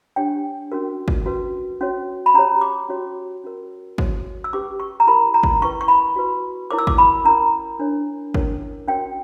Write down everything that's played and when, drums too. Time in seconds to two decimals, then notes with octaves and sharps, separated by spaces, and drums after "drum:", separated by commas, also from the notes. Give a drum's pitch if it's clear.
0.16 D4 G4 C#5 G5
0.72 C#4 F#4 A#4
1.08 drum: kick
1.26 C#4 F#4 B4
1.81 C#4 F#4 C#5
2.26 B5
2.34 C#4 G4 C#5 A#5
2.61 D6
2.89 C#4 F#4 C#5
3.44 C#4 F#4 A#4
3.98 F#4 C#5, drum: kick
4.44 E6
4.53 C#4 G4 B4 D6
4.80 C#6
5.00 A#5
5.07 E4 G4 A#4 B5
5.34 A#5
5.43 drum: kick
5.61 C#4 E4 B4 C#6
5.81 C#6
5.88 B5
6.16 F#4 B4
6.71 E4 A#4 C#5 D6
6.79 E6
6.87 D6, drum: kick
6.98 B5
7.24 C#4 E4 A#4 A#5
7.79 D4 A#4 C#5
8.34 C#4 E4 A#4 C#5, drum: kick
8.88 C#4 F#4 A#4 C#5 G5